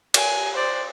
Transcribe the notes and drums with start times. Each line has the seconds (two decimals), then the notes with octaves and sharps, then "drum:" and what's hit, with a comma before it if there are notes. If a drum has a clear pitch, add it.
0.14 G#5, drum: cymbal
0.54 C5 D5